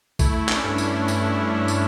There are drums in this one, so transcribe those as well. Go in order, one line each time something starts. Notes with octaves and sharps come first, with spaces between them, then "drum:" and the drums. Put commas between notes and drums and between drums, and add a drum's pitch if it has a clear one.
A3 E4, drum: kick A#1, tambourine
A3
D4, drum: clap
C#4
G2 D4
D4, drum: tambourine
G2
G2 E4, drum: tambourine
G2
G2
drum: tambourine